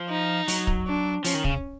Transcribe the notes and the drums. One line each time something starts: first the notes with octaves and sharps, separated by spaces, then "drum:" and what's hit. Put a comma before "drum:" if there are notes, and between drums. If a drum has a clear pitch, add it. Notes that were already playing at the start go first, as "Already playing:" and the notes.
Already playing: F3
D#4
F#3, drum: open hi-hat
drum: kick
D4
F3 C#4, drum: open hi-hat
D#3
C#3, drum: kick